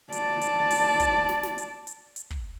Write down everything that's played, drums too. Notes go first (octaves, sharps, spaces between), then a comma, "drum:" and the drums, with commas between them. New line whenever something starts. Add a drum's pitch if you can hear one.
D5 A5, drum: hi-hat
drum: hi-hat
drum: open hi-hat
drum: kick, hi-hat
drum: snare
drum: snare
drum: hi-hat
drum: hi-hat
drum: hi-hat
drum: kick